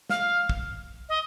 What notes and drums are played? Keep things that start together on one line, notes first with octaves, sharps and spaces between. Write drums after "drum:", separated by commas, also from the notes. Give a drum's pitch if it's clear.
F5, drum: snare
drum: kick
D#5